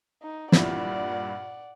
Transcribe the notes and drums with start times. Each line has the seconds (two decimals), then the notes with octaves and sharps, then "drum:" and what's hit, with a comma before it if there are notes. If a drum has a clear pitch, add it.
0.22 D#4
0.52 G2 A#2 E4 D5 F#5, drum: snare